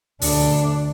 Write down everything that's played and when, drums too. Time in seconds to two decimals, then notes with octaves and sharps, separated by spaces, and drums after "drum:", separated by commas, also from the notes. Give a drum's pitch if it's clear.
0.22 D2 D4, drum: open hi-hat